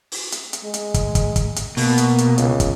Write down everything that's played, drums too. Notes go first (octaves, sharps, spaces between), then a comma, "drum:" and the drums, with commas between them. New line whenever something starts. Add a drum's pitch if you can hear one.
drum: open hi-hat
drum: hi-hat
drum: hi-hat
G#3
drum: hi-hat
drum: kick, hi-hat
drum: kick, hi-hat
drum: kick, hi-hat
drum: hi-hat
B2 A#3, drum: open hi-hat
drum: hi-hat
drum: hi-hat
C#2, drum: hi-hat
drum: kick, hi-hat